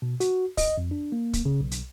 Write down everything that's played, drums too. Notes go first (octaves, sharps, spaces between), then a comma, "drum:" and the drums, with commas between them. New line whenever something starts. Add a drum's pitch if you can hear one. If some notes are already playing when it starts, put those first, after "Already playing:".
B2
F#4, drum: hi-hat
D#5, drum: kick, open hi-hat
F2
D4
A#3
drum: kick, hi-hat
C#3
B1
drum: hi-hat